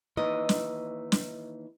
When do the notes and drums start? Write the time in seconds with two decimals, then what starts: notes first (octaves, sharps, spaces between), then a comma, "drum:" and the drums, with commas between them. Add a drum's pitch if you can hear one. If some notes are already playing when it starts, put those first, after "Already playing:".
0.17 D#2 E3 D#4 D#5
0.49 drum: snare
1.12 drum: snare